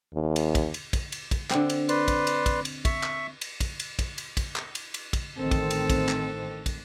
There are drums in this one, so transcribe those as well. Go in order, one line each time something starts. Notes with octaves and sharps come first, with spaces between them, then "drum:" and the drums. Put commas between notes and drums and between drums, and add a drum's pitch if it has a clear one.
D#2
drum: cymbal
drum: kick, cymbal
drum: cymbal
drum: kick, cymbal
drum: cymbal
drum: kick, cymbal
D3 C4, drum: clap
drum: cymbal
B4 D5 C6, drum: cymbal
drum: kick, cymbal
drum: cymbal
drum: kick, cymbal
drum: cymbal
E5 C#6, drum: kick, cymbal
drum: clap
drum: cymbal
drum: kick, cymbal
drum: cymbal
drum: kick, cymbal
drum: cymbal
drum: kick, cymbal
drum: clap
drum: cymbal
drum: cymbal
drum: kick, cymbal
A1 D#3 C4 A4
drum: kick, cymbal
drum: cymbal
drum: kick, cymbal
drum: clap
drum: kick, cymbal